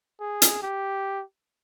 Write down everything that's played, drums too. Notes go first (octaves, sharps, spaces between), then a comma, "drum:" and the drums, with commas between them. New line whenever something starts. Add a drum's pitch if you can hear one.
G#4
drum: hi-hat
G4